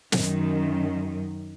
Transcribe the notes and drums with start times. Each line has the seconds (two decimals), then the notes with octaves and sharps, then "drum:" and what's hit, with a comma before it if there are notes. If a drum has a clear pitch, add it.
0.12 F#2 D#3, drum: snare